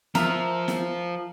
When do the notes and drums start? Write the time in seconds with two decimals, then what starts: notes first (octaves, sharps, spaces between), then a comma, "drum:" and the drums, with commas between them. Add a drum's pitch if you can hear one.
0.15 F3 A#4 E5, drum: snare
0.68 drum: snare